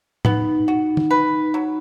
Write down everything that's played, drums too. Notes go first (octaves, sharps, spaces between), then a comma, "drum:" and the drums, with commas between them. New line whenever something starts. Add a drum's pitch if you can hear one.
B3 D#4, drum: tom
F#4
drum: tom
B4
F#3